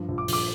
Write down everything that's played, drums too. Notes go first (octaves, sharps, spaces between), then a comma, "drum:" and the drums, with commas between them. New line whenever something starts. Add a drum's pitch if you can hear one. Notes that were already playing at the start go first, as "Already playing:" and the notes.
Already playing: G2 F3
A#1
D6
A#1 D6, drum: open hi-hat